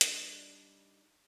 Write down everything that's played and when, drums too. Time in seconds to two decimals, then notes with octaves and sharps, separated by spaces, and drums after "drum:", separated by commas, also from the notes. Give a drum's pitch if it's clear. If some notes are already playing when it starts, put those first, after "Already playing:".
0.01 G3 D4 D#4, drum: hi-hat